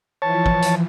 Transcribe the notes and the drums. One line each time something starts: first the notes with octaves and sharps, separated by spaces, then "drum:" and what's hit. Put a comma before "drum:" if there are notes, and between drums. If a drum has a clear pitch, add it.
E3 F3 C#5 A5
drum: kick
drum: hi-hat